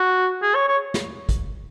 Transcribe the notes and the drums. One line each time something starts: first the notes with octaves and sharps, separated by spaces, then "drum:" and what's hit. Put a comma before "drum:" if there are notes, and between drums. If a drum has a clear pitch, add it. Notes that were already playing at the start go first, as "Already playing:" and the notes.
Already playing: F#4
G#4
C#5
C#5
drum: snare
drum: kick, hi-hat